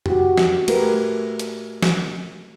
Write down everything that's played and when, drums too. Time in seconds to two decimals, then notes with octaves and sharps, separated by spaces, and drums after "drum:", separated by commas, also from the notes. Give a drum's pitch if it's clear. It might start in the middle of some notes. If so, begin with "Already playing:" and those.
0.06 F#4 G4, drum: tom F2
0.38 drum: snare
0.68 A3 G4 A#4 B4, drum: cymbal
1.39 drum: hi-hat
1.83 drum: snare